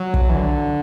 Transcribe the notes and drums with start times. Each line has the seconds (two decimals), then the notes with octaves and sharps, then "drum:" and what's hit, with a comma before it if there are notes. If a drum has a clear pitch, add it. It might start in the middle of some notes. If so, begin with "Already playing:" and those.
Already playing: F#3
0.14 drum: kick
0.29 E3
0.35 D3